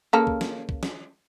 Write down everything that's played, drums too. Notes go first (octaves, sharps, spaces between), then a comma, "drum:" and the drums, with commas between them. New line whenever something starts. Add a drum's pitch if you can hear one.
C#3 A#3 A4
drum: kick C2
drum: snare
drum: kick C2
drum: snare